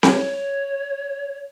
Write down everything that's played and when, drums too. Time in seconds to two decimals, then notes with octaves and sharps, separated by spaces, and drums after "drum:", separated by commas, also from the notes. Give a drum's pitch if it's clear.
0.03 C#5, drum: snare C4